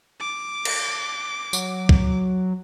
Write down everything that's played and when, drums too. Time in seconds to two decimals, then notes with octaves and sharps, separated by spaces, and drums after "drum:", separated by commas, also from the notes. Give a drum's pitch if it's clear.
0.20 D6
0.65 drum: cymbal
1.53 F#3, drum: tambourine
1.89 drum: kick